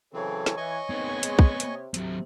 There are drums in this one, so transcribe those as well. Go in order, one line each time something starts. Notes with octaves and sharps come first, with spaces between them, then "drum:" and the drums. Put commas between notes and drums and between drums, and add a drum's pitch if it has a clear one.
C#3 E3 F#3 C4 G#4 A4 C#5
drum: snare
E3 D#5 G#5 C#6
G#2 D#3 B3 C4
G#3, drum: hi-hat
drum: kick
C3, drum: hi-hat
C3 F#3 C4, drum: hi-hat